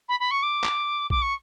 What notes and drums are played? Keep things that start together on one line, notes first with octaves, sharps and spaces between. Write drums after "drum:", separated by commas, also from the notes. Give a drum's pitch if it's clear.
B5
B5
C#6
D6
drum: clap
D6, drum: kick A#1
C#6